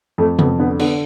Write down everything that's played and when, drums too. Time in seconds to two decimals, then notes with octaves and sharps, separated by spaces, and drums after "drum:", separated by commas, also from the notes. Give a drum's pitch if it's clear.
0.18 F2 A3
0.39 F2 B3, drum: tom C3
0.59 D3 B3
0.79 D3 B3, drum: cymbal